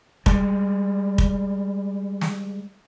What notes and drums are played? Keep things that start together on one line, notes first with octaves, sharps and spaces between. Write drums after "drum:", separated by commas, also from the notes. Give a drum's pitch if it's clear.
G3 G#3, drum: kick
drum: kick
drum: snare